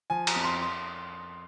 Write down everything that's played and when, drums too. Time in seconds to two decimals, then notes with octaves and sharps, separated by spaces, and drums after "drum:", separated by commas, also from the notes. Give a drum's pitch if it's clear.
0.10 F3 G#5
0.27 A#5, drum: cymbal
0.36 F2
0.44 C6
0.61 C6